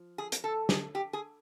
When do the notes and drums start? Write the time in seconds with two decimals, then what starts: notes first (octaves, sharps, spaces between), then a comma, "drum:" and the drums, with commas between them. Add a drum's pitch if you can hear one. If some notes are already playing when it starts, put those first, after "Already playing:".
Already playing: F3
0.18 G#4
0.32 drum: hi-hat
0.44 A4
0.69 G#4, drum: snare
0.95 G4
1.13 G#4